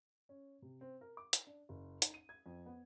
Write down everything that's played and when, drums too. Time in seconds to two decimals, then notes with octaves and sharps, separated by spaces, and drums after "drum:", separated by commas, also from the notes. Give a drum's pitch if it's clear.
0.29 C#4
0.62 C3
0.81 C4
1.01 A#4
1.17 D6
1.33 drum: hi-hat
1.47 D4
1.69 F#1
2.02 D#4, drum: hi-hat
2.14 D#7
2.29 G#6
2.46 F2
2.66 B3